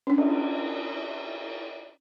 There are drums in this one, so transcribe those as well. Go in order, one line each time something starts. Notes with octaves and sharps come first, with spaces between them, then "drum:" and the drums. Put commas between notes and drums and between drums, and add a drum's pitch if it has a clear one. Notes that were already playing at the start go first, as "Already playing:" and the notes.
C#4 D4
drum: cymbal